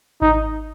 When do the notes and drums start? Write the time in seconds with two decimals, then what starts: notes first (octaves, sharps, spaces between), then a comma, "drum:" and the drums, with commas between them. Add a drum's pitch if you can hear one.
0.22 D#4, drum: kick G#1